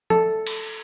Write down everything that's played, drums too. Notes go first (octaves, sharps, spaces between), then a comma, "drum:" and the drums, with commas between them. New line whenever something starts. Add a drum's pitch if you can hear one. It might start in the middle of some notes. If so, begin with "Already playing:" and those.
A4, drum: tom
drum: cymbal